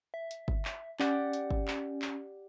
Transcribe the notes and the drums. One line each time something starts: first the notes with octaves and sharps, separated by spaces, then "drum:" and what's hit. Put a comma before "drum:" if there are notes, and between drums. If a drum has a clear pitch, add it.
E5
drum: hi-hat
drum: kick G1
drum: clap
C#4 G4 D5 F#5, drum: clap
drum: hi-hat
drum: kick G1
drum: clap
drum: clap